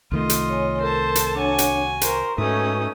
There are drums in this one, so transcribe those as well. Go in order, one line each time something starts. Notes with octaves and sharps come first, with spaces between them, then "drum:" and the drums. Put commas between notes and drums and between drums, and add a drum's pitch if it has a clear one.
C2 D#3 A3 F4 D#5
drum: hi-hat
C#5 G#5
A4 A#4 C5 A5
drum: hi-hat
D4 F#4 C#5 F#5 G#5
drum: hi-hat
A#4 C5 A#5 C#6, drum: hi-hat
G#2 A3 C#4 D#4 F#4 B4 D#6